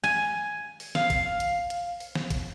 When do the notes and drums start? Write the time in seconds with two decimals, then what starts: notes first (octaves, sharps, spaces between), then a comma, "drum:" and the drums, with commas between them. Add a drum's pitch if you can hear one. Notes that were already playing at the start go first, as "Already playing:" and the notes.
0.04 G#5
0.80 drum: open hi-hat
0.95 F5, drum: snare
1.10 drum: kick A1, hi-hat
1.40 drum: hi-hat
1.70 drum: hi-hat
2.00 drum: open hi-hat
2.15 drum: snare
2.31 drum: kick A1, hi-hat